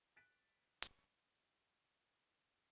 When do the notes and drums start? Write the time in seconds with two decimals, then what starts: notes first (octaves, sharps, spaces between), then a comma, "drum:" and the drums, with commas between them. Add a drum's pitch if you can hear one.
0.16 F#6 A6 B6 D7
0.82 drum: hi-hat